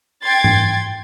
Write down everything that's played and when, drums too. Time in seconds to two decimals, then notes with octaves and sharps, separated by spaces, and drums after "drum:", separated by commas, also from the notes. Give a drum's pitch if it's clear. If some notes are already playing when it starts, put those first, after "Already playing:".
0.23 G5 C6 G#6 A6
0.44 drum: tom G#2